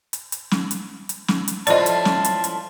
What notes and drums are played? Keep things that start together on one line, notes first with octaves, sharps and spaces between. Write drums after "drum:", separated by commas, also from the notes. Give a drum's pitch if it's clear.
drum: hi-hat
drum: hi-hat
drum: snare
drum: hi-hat
drum: hi-hat
drum: snare
drum: hi-hat
A2 F3 F4 D5 D#5 A5, drum: hi-hat
drum: hi-hat
drum: snare
drum: hi-hat
drum: hi-hat